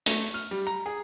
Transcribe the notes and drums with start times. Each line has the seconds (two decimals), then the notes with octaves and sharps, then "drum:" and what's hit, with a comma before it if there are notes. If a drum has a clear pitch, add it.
0.06 A3, drum: hi-hat
0.34 F6
0.51 G3
0.67 A#5
0.86 G#4